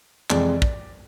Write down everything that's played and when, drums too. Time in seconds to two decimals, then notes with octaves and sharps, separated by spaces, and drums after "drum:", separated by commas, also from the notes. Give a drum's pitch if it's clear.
0.30 F2 C3 E3 G#3 D5, drum: clap
0.62 drum: kick